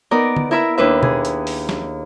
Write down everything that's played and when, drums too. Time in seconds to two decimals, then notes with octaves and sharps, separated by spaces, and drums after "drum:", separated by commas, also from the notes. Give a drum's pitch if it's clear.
0.11 B3 D#4 A#4 D5
0.37 drum: tom D3
0.51 E4 A#4 E5 B5 E6
0.78 D#2 D4 B4 E5
1.03 G#4, drum: tom B2
1.25 drum: hi-hat
1.47 drum: open hi-hat
1.69 drum: snare